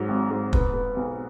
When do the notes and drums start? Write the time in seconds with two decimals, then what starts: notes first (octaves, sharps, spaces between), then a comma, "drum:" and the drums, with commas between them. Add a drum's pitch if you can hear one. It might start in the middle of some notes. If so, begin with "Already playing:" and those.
Already playing: G#2 F#3
0.09 G#1
0.31 G#2
0.53 B3, drum: kick
0.74 B3
0.96 B1